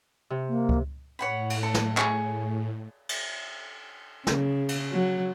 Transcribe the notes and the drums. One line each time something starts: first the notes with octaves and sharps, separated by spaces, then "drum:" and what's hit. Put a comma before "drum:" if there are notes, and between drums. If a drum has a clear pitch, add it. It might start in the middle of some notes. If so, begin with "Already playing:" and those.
C3
A#3
drum: kick C#2
A2 C#5 F#5 B5
drum: cymbal
A4
drum: snare
G#4 C#6, drum: clap
drum: cymbal
C#3, drum: snare
drum: cymbal
F#3